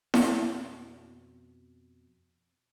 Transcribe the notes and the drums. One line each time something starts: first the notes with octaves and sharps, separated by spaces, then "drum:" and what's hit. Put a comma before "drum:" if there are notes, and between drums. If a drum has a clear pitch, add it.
F2 B2, drum: snare E4